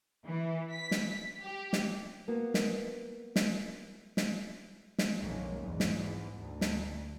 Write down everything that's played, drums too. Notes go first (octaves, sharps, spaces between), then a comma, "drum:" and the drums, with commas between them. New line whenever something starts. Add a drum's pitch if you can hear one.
E3
B6
drum: snare
G4
drum: snare
A#3 B3 F#4
drum: snare
drum: snare
drum: snare
drum: snare
B1 F2 D#3 G#3 A#3 C#4
E2 G#2
drum: snare
D2
drum: snare